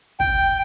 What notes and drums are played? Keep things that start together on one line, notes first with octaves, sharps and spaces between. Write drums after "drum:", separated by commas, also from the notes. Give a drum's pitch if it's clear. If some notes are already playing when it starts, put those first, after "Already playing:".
G5, drum: kick